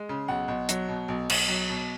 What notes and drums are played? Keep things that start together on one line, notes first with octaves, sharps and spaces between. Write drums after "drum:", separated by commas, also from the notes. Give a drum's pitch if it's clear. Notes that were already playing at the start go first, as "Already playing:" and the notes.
Already playing: G#3
C#3
B1 F#5
B1
F#3, drum: hi-hat
B2
B1
B1, drum: cymbal
F#3
B2